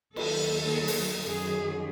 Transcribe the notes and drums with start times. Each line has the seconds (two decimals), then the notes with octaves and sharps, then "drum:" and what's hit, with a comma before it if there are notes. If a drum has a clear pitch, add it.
0.16 D#2 D#3 F#3 A4, drum: cymbal
0.88 drum: open hi-hat
1.28 F#2 D#3 F#3 G#4